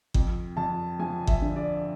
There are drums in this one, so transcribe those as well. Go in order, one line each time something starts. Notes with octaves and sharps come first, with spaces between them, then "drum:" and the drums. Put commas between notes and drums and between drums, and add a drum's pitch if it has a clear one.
F2, drum: kick G1
F2 A5
F3 G#5
E5, drum: kick G1
D3
D5